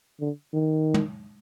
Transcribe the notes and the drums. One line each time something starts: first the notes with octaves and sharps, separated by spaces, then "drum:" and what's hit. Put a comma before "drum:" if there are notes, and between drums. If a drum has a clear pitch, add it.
D3
D#3
drum: tom